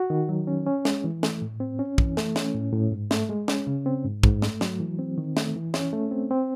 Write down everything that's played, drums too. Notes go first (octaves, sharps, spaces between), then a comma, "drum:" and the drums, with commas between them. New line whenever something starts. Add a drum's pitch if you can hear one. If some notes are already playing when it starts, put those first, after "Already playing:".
Already playing: F#4
D#3
F#3
C#4
C#4
G#3, drum: snare
E3
A3, drum: snare
A2
C4
C#4
E3, drum: kick
A3, drum: snare
C#4, drum: snare
A2
A2
G#2
A3, drum: snare
G#3
C#4, drum: snare
C#3
C4
G#2
G#2, drum: kick
A3, drum: snare
F#3, drum: snare
E3
C4
D#3
A3, drum: snare
E3
C#4, drum: snare
A3
C4
C4